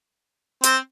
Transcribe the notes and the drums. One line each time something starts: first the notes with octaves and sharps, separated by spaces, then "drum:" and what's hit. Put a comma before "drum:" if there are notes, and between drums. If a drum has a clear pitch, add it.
C4, drum: hi-hat